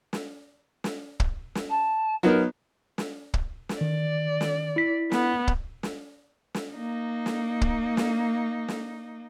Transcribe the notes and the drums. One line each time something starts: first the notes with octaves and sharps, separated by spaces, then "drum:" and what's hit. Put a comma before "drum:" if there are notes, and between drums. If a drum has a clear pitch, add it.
drum: snare
drum: snare
drum: kick
drum: snare
A5
F#3 B3 D#4 A#4
drum: snare
drum: kick
drum: snare
D#3 D5
drum: snare
E4 B6
B3, drum: snare
drum: kick
drum: snare
drum: snare
A#3 D#4
drum: snare
drum: kick
drum: snare
drum: snare